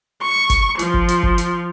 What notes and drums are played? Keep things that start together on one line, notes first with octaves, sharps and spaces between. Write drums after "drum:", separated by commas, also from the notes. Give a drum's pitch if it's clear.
C#6
drum: kick G#1, hi-hat
F3, drum: hi-hat
drum: kick G#1
drum: hi-hat
drum: kick G#1
drum: hi-hat